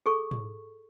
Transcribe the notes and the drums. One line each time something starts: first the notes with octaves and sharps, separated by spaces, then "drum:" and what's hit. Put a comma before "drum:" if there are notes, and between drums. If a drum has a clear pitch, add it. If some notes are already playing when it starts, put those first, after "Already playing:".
G#4 A4 C#6
drum: tom G#2